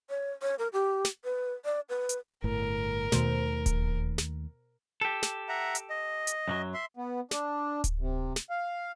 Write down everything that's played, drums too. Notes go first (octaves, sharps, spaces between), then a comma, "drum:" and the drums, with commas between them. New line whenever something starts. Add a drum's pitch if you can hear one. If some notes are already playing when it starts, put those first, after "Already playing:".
C#5
C#5
A#4
G4
drum: snare
B4
D5
B4
drum: hi-hat
G1 A2 A#4
D#2 B2 D#3 A3 C5, drum: snare
drum: kick D1, hi-hat
drum: snare
G4 A4
drum: snare
E5 F#5 A#5
drum: hi-hat
D#5
drum: hi-hat
F#2 E3 F#3
E5 C6
B3
D4, drum: snare
drum: kick D1, hi-hat
C3
drum: snare
F5